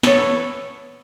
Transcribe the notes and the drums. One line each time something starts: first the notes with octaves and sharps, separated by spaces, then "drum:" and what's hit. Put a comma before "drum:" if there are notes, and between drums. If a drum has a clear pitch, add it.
E3 B3 A4 C#5, drum: snare